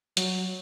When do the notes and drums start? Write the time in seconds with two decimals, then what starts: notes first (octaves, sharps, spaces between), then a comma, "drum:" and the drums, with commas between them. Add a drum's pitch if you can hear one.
0.17 F#3, drum: hi-hat